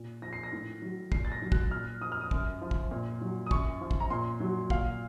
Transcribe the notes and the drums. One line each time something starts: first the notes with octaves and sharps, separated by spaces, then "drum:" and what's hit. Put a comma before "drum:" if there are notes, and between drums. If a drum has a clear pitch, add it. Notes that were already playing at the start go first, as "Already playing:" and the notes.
Already playing: A#2
F3 A#6
C7
A#6
A2
F#3
A#2 C7, drum: kick
A6
A#6
F#3
F#6, drum: kick
A#2 F6
F3 D#6
F6
D#6
F#2, drum: kick
F3
drum: kick
A#2
F#3
D#6
F#2 C#6, drum: kick
F3
drum: kick
A#5
A#2 C6
F#3
A#2 F5, drum: kick